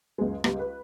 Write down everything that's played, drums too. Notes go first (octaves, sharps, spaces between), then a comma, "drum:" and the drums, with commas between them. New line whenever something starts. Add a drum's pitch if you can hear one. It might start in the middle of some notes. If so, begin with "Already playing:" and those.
C#2 F#2 G#3
C#2 G3, drum: rim click
B4